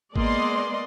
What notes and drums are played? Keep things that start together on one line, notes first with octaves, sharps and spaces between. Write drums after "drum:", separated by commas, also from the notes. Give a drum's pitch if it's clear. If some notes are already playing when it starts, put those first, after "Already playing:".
G#3 A#3 B3 D5 D#5 C6, drum: kick G#1